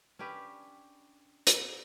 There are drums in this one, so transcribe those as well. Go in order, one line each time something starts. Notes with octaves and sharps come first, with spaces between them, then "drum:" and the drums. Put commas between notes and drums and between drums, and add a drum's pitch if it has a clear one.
C#4 D4 G4 B4
drum: hi-hat